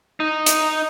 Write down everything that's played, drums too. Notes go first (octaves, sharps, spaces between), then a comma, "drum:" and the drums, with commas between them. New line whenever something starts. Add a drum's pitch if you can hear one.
D#4
drum: hi-hat